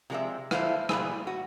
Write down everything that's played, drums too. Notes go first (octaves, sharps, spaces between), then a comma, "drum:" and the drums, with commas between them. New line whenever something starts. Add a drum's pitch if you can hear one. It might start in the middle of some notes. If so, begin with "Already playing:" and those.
C3 F3 G#3 C4 D5 E5
E3 E4 F4 A4 C5 F5, drum: rim click
A#2 E3 G3 G#4, drum: rim click
F#4